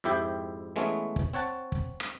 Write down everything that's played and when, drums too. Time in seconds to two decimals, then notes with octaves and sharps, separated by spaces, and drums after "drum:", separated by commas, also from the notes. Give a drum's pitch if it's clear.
0.04 F2 G#2 E4 G4 E5 G5
0.76 E3 G#3 A3 B3 C#4 C#5
1.16 drum: kick
1.33 C4 C#5 F#5 A5
1.72 drum: kick
2.00 drum: rim click